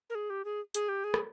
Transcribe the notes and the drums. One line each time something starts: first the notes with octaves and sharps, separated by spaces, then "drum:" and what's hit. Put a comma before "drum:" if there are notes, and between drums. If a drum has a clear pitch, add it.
A#4
G#4
G4
G#4
G#4, drum: hi-hat
G4
G#4
drum: rim click